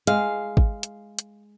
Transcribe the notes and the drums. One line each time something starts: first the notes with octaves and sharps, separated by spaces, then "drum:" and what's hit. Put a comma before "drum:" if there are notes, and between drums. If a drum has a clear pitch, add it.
G#3 F5, drum: hi-hat
drum: kick
drum: hi-hat
drum: hi-hat